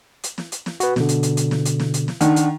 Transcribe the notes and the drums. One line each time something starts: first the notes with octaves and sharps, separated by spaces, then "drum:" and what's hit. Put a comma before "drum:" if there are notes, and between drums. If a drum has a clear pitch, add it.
drum: hi-hat
drum: snare
drum: hi-hat
drum: snare
F#4 B4, drum: hi-hat
B2 D3, drum: snare
drum: hi-hat
drum: hi-hat
drum: hi-hat
drum: snare
drum: hi-hat
drum: snare
drum: hi-hat
drum: snare
D#3 D4 F#5, drum: hi-hat
drum: hi-hat